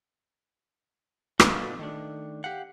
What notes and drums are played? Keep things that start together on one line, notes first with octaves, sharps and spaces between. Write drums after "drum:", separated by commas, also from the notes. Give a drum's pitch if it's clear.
A#2 B3 F4 A4 D#5, drum: rim click
D#3 A3 D4
G4 F5 F#5